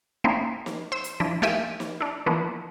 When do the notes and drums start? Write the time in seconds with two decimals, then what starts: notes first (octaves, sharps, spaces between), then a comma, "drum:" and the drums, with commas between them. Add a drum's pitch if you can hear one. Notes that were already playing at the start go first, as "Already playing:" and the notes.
0.24 A3 A#3 C4 C#4 D#4 E4
0.66 drum: snare
0.92 C5 E6
1.04 drum: hi-hat
1.20 F3 D4 E4
1.42 A3 A#3 G4 E5 G#5, drum: snare
1.80 drum: snare
2.01 D4 E4
2.26 E3 F3 A#3 B3 D4